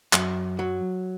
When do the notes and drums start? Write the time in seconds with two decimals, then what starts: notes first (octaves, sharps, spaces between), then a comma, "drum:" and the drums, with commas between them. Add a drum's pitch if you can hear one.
0.13 F#2, drum: clap
0.59 F#3